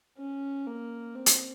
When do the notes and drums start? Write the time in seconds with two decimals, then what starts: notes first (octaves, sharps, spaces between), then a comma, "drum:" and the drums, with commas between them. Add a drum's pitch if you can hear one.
0.18 C#4
0.67 A#3
1.15 C4
1.26 drum: hi-hat